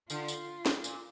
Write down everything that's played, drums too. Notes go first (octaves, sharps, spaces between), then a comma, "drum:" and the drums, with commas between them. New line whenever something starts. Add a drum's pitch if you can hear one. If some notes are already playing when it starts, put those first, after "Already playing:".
D3 F4, drum: tambourine
drum: tambourine
drum: snare
A#2, drum: tambourine